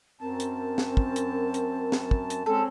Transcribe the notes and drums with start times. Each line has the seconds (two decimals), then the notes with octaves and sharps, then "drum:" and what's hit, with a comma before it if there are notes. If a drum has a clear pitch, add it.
0.21 F#2 C4 A#4 A5
0.40 drum: hi-hat
0.78 drum: snare
0.97 drum: kick
1.16 drum: hi-hat
1.54 drum: hi-hat
1.92 drum: snare
2.11 drum: kick
2.30 drum: hi-hat
2.46 G#3 C4 C#4 A4